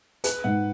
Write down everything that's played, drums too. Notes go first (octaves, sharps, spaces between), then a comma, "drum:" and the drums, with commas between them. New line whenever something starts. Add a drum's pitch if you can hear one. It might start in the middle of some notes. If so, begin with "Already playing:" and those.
G#4 B4, drum: hi-hat
G#2 F#5